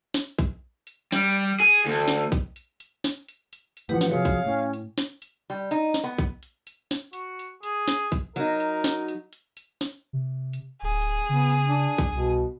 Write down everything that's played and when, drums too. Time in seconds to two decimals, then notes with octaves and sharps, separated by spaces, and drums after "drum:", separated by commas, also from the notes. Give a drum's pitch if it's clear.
0.14 drum: snare
0.39 drum: kick A#1, hi-hat
0.87 drum: hi-hat
1.12 G3, drum: snare
1.35 drum: hi-hat
1.60 G#4
1.86 D2, drum: hi-hat
2.08 drum: snare
2.32 drum: kick A#1, hi-hat
2.56 drum: hi-hat
2.80 drum: hi-hat
3.04 drum: snare
3.29 drum: hi-hat
3.53 drum: hi-hat
3.77 drum: hi-hat
3.89 A2 E3 F3 G4 B4 F#5
4.01 drum: snare
4.11 C3 F3 F#3 G#4 C#5 F5
4.25 drum: kick A#1, hi-hat
4.46 A2 C#4
4.73 drum: hi-hat
4.98 drum: snare
5.22 drum: hi-hat
5.50 G3
5.71 D#4, drum: hi-hat
5.94 drum: snare
6.04 B3
6.18 drum: kick A#1
6.43 drum: hi-hat
6.67 drum: hi-hat
6.91 drum: snare
7.13 F#4, drum: hi-hat
7.39 drum: hi-hat
7.63 G#4, drum: hi-hat
7.88 drum: snare
8.12 drum: kick A#1, hi-hat
8.36 F#3 D#4 A#4, drum: hi-hat
8.60 drum: hi-hat
8.84 drum: snare
9.08 drum: hi-hat
9.33 drum: hi-hat
9.57 drum: hi-hat
9.81 drum: snare
10.13 C3
10.53 drum: hi-hat
10.82 D1 G#4
11.02 drum: hi-hat
11.29 C#3 B3
11.50 drum: hi-hat
11.66 D4
11.98 drum: kick A#1, hi-hat
12.12 C2 B2